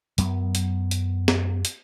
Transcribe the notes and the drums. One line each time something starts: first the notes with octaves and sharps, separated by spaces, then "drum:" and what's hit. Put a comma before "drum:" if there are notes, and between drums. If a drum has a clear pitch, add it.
F#2 F#3 B3, drum: hi-hat
drum: hi-hat
drum: hi-hat
drum: snare
drum: hi-hat